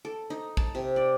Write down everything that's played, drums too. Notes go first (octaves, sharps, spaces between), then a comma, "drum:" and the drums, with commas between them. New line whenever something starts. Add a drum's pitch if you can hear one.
A4
D#4
A5, drum: kick A#1
C3
D5